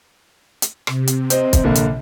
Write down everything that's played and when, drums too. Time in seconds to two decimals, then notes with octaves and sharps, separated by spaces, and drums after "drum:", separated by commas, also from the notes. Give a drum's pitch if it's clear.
0.62 drum: hi-hat
0.87 C3, drum: rim click
1.07 drum: hi-hat
1.30 C4 C5 D#5, drum: hi-hat
1.53 drum: kick, hi-hat
1.64 A#1 D3 A#3
1.75 drum: hi-hat